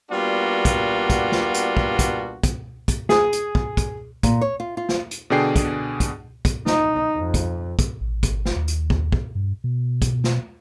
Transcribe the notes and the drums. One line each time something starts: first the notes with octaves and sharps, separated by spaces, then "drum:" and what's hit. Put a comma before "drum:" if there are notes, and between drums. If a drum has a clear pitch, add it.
G3 A#3 B3 D4 F4 F#4
drum: kick, hi-hat
drum: kick, hi-hat
drum: snare
drum: hi-hat
drum: kick
drum: kick, hi-hat
drum: kick, hi-hat
drum: kick, hi-hat
G#4, drum: snare
drum: hi-hat
drum: kick
drum: kick, hi-hat
A#2, drum: kick, hi-hat
C#5
F4
F4
drum: snare
drum: hi-hat
B2 D3 D4 G#4 G5 C7
drum: kick, hi-hat
drum: kick, hi-hat
drum: kick, hi-hat
D#4, drum: snare
F2
drum: kick, hi-hat
drum: kick, hi-hat
A1
G#1, drum: kick, hi-hat
drum: snare
D#2
drum: hi-hat
drum: kick
drum: kick
G2
B2
drum: kick, hi-hat
drum: snare